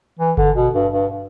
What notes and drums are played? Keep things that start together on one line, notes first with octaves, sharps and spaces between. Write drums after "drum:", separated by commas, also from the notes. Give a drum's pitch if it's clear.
E3
D3, drum: kick G1
B2
G2
G2